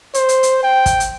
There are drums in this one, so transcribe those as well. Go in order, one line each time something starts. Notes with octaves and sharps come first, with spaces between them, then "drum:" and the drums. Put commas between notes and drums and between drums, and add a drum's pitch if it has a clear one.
C5, drum: hi-hat
drum: hi-hat
drum: hi-hat
G5
drum: kick, hi-hat
drum: hi-hat